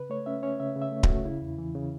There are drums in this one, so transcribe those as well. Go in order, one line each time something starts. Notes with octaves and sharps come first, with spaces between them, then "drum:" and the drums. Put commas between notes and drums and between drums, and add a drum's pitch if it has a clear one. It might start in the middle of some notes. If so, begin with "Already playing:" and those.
Already playing: C#3 B4
A3 C#5
C#4 E5
C#4 C#5
C#3 E5
C#3
E5
A3
F#4, drum: kick D1
A3
C#3 E4
E2
E3
C#3